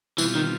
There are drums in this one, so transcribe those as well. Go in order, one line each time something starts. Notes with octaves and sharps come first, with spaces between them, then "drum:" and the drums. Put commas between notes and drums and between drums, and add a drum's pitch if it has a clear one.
B2 E3 G3 C4 F4, drum: tambourine
D#3